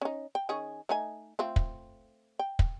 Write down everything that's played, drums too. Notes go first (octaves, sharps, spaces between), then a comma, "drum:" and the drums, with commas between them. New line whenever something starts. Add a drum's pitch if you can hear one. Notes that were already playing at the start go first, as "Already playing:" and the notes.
C#4 D#4
G5
D#3 C#4 G#4
A3 D#4 G#5
A3 C4 F4
drum: kick
G5
drum: kick